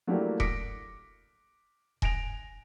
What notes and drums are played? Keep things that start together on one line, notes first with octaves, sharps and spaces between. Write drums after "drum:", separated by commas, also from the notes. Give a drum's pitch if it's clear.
F#3 A3 A#3 D4 E4 G4
D6 A#6 B6 C#7 D7, drum: kick E1
G#5 A#6 D7 F7, drum: kick E1